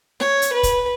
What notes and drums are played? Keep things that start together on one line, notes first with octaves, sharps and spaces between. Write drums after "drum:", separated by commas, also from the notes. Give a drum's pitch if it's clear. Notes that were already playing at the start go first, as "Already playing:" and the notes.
C#5, drum: snare
drum: hi-hat
B4
drum: kick, hi-hat